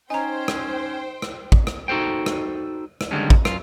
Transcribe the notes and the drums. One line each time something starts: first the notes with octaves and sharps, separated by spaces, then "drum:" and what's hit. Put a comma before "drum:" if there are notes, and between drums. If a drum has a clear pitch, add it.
C#4 D#4 C5 G5 G#5 A#5
drum: rim click
drum: rim click
drum: kick
drum: rim click
D#4 F#4 A4 C5 G5
drum: rim click
drum: rim click
D3 D#3 G3 G#3 C#4
drum: kick
F#2 F4, drum: rim click